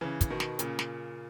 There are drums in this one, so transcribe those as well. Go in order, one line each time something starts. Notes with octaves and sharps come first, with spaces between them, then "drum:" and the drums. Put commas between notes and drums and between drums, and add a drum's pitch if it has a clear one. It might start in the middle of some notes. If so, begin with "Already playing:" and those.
C#3 E3
drum: kick, hi-hat
B2 D#3
drum: snare
A#2 C#3, drum: hi-hat
drum: snare